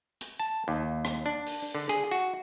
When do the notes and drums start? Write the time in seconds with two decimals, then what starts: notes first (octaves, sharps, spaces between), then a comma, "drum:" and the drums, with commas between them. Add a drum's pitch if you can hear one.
0.21 drum: hi-hat
0.40 A5
0.68 D#2
1.05 drum: rim click
1.26 D4
1.47 drum: open hi-hat
1.75 D3
1.89 G#4, drum: hi-hat
2.11 F#4